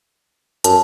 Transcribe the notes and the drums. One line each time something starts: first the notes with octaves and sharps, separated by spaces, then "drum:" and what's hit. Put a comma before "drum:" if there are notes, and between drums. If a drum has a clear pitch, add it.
F#2 A5, drum: hi-hat